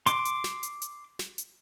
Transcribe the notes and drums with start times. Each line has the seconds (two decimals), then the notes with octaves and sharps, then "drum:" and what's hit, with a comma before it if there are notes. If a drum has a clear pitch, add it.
0.06 C6 D6, drum: hi-hat
0.25 drum: hi-hat
0.44 drum: snare
0.63 drum: hi-hat
0.82 drum: hi-hat
1.19 drum: snare
1.38 drum: hi-hat